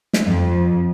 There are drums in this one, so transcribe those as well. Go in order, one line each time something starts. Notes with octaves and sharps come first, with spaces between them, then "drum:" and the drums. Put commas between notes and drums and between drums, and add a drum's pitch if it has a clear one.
drum: snare
F2